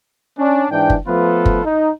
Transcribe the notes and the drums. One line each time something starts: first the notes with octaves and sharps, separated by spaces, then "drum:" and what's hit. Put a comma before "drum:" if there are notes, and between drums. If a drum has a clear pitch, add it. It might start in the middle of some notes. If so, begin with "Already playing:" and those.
C#4 D4
G#2 E3 D4 G5
drum: kick
F3 A3 B3 F4 A4 B4
drum: kick
D#4